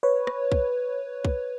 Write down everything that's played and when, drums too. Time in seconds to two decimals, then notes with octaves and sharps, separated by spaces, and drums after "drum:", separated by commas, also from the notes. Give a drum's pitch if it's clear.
0.03 B4 C#5
0.27 drum: rim click
0.52 drum: kick
1.25 drum: kick